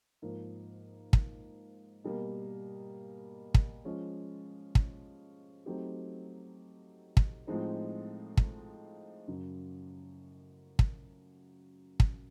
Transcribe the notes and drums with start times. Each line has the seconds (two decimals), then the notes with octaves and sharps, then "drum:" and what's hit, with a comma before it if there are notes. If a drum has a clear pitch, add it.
0.22 G#2 F3 A#3
1.13 drum: kick
2.04 B2 G3 A#3
3.54 drum: kick
3.85 F3 G#3 C#4
4.75 drum: kick
5.66 F#3 A3 C4 D#4 G4
7.17 drum: kick
7.47 A2 F3 G#3 C4 D#4
8.37 drum: kick
9.27 F#2 C#3 F#3
10.79 drum: kick
12.00 drum: kick